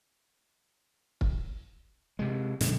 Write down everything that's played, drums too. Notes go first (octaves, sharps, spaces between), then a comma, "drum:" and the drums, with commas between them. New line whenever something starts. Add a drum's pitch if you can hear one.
drum: kick
C3 G#3
B1 F#2 D3 G#3, drum: hi-hat